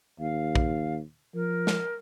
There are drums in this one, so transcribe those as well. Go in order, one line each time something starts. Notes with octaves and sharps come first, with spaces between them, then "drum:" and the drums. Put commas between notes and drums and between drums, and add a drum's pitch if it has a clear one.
D#2 F5
drum: kick
F3 A#4
drum: snare